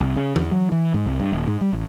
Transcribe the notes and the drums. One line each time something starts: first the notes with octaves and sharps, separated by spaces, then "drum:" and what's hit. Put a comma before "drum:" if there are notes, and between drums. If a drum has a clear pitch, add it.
C2
C#3
E2, drum: tom E3
F#3
E3
G#2
C2
G2
D#1
G#2
G3
A1